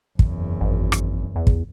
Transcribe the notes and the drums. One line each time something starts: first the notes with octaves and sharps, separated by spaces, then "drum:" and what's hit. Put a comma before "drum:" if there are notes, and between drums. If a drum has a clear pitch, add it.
F#1 E2, drum: kick
G#1
drum: rim click
E2
drum: kick